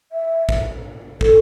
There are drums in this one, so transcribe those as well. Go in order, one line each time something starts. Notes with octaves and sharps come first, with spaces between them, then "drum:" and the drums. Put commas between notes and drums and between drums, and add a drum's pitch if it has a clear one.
E5
drum: kick
A4, drum: kick